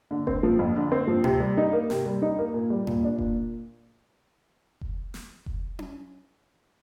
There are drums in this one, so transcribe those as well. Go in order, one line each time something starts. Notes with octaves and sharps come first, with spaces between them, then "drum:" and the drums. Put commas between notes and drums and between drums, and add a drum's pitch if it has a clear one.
D3
C4, drum: kick F1
F3
F2
D3
C4
F3
C3, drum: tom A2
G3
D#4
A#3
C3, drum: snare
G3
D#4
A#3
A#2
G3
A#2, drum: tom A2
D4
A#2, drum: kick F1
drum: kick F1
drum: snare
drum: kick F1
drum: tom C#4